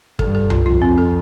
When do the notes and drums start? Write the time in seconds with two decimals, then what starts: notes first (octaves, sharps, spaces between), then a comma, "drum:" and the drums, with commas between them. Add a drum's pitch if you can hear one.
0.19 G2 A4, drum: kick
0.35 A4
0.50 F4, drum: tom C2
0.66 F2 F4
0.82 C4
0.98 A4